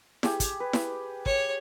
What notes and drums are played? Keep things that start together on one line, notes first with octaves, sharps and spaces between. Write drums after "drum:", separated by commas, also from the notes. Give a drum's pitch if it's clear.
G4 G#4, drum: snare E4
drum: kick, hi-hat
B4
drum: snare E4
C#5, drum: kick